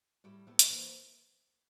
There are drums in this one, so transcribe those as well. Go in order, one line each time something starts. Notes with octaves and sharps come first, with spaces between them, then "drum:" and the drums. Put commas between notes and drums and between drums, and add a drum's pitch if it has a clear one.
A2 G3 A3
A2 A3 B3
drum: hi-hat
E3 A#3 C4